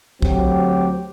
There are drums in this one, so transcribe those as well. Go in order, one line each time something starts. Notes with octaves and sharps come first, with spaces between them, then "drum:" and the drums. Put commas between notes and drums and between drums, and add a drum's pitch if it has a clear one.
D2 F#3 C4 G4, drum: kick